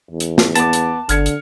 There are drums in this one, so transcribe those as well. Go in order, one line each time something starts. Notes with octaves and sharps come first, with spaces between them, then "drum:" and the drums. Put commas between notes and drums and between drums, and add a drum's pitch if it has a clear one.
E2
drum: hi-hat
drum: snare
B3 A5 D6, drum: hi-hat
drum: hi-hat
G1 D3 F6 G#6 C#7, drum: hi-hat
drum: hi-hat